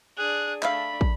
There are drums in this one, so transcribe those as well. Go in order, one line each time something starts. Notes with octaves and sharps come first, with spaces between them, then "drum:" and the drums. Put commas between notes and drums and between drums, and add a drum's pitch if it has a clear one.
D4 G#4 F#6
A3 D4 E5 F5 B5, drum: clap
drum: kick